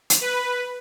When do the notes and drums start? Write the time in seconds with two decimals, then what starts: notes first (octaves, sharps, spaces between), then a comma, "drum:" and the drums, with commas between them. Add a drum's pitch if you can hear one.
0.10 drum: hi-hat
0.21 B4